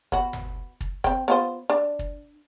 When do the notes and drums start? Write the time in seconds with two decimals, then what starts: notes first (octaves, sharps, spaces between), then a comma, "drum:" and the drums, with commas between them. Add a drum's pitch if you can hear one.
0.12 B3 F#4, drum: kick
0.33 drum: tom G1
0.81 drum: kick
1.04 C4 G5, drum: kick
1.28 B3 F4 C5
1.70 D4
1.99 drum: kick